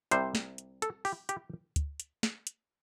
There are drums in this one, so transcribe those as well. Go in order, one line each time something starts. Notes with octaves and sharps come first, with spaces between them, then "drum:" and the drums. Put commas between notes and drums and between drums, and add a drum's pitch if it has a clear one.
C2 C3 G3 C5, drum: hi-hat
drum: snare
drum: hi-hat
A4, drum: hi-hat
G4, drum: open hi-hat
G4, drum: hi-hat
drum: kick D2, hi-hat
drum: hi-hat
drum: snare
drum: hi-hat